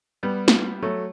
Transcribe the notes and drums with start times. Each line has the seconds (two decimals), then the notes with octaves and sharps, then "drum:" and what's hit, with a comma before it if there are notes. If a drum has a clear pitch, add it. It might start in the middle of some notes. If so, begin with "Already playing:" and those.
0.23 G3 B3
0.48 drum: snare
0.82 F#3 A3